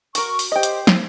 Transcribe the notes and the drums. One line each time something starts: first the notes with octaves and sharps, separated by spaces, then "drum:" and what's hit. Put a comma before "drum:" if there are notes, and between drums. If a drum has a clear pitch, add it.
F#4 A#4 C#6, drum: open hi-hat
drum: open hi-hat
G4 C5 D#5 G5
drum: hi-hat
drum: snare